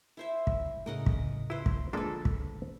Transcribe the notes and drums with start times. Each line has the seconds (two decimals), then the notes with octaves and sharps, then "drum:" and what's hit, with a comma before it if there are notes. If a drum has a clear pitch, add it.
0.17 E4 C5 E5
0.47 drum: kick
0.86 A2 C#3 C#4 A#4 D#5 F#5
1.06 drum: kick
1.50 E4 B4 C5
1.66 drum: kick
1.93 D3 F3 G#3 A#3 D4 A4 B4
2.25 drum: kick